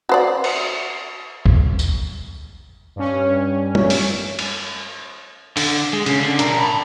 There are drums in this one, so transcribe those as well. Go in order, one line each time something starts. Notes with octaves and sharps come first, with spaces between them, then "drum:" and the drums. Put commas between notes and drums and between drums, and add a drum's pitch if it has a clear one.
F#4 C5 D5
drum: cymbal
drum: kick
drum: tambourine
G2 C#4
drum: tom
drum: open hi-hat
drum: cymbal
D3, drum: open hi-hat
G#3
C#3, drum: cymbal
D3
D4 A#4, drum: hi-hat
A5 B5